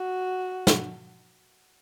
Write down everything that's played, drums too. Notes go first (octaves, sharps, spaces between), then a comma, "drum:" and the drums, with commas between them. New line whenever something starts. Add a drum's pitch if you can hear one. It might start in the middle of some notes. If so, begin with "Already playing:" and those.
Already playing: F#4
drum: snare